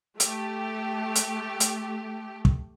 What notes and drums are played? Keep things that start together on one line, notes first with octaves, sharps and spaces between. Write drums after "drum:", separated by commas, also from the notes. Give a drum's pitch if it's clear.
A3 G4, drum: hi-hat
drum: hi-hat
drum: hi-hat
drum: kick